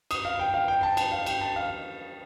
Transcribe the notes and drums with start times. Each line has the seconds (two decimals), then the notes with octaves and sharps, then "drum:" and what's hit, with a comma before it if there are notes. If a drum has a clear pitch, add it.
0.11 D#6, drum: cymbal
0.25 F5
0.39 G5
0.54 F5
0.68 G5
0.83 A5
0.97 A5, drum: cymbal
1.12 F5
1.26 G5, drum: cymbal
1.41 A5
1.56 F5